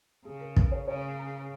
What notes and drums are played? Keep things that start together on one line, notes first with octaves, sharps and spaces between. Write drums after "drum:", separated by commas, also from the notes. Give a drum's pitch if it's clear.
C#3 G#4
A#4
B4, drum: kick
C#5
C#3 C#5
A#5